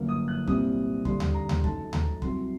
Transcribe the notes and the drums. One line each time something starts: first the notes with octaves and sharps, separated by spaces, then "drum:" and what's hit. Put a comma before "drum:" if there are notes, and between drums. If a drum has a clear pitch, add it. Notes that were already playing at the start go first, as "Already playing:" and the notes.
Already playing: G1 F#2 F#3 A#3
D#6
F#6
C2 A#2 G3 C4 D#6, drum: kick
G2 D3 G3 D4 C6, drum: kick
drum: tom D2
A#5
drum: tom D2
F#2 F#3 A3 D#4 A5, drum: kick
A#5, drum: tom D2
C2 C3 F#3 C6, drum: kick